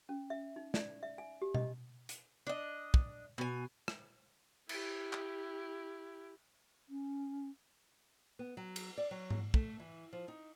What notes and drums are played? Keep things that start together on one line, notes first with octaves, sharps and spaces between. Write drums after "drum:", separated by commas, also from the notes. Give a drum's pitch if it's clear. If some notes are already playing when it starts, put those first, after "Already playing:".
C#4
E5
D#4
D5, drum: snare
E5
G#5
G4
D#5, drum: tom B2
drum: hi-hat
D4 D#5
drum: kick
B2 G#5
drum: rim click
E4 G4, drum: cymbal
drum: clap
C#4
B3
F#3
drum: cymbal
D5
F#3
drum: tom G#2
A3, drum: kick
E3
F3
D#4